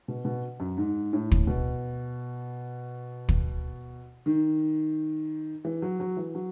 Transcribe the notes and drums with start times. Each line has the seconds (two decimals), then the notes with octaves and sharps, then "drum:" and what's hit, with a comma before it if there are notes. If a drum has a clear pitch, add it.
0.08 B2
0.25 B2
0.60 F#2
0.78 G#2
1.13 A2
1.31 drum: kick
1.47 B2
3.29 drum: kick
4.26 D#3
5.65 E3
5.82 F#3
6.00 F#3
6.17 E3
6.35 F#3